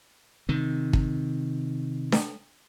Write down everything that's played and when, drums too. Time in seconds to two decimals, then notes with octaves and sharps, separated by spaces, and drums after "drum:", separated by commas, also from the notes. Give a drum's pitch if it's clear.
0.49 C3 D#3
0.93 drum: kick
2.12 drum: snare D4